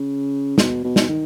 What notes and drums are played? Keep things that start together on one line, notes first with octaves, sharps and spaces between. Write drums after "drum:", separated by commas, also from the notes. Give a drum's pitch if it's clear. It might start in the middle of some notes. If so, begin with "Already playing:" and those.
Already playing: C#3
B2, drum: snare
B2
drum: snare
D#3